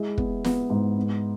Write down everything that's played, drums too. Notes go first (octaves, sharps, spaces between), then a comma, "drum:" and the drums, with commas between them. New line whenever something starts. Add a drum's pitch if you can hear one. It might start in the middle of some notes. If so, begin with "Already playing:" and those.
Already playing: G#3 E4
B3, drum: kick
B3, drum: snare
G#2
B3